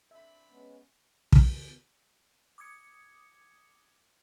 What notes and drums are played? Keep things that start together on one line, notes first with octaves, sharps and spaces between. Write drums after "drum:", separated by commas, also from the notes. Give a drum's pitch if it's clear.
C4 D4 E5 B5
G#3 B3 C#4
drum: kick
D6 D#6 G#6 C#7